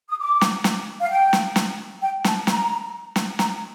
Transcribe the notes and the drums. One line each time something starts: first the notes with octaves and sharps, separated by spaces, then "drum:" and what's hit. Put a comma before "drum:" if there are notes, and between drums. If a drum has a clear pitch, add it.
D#6
D6
drum: snare
drum: snare
F5
G5
drum: snare
drum: snare
G5
A5, drum: snare
A#5, drum: snare
drum: snare
A#5, drum: snare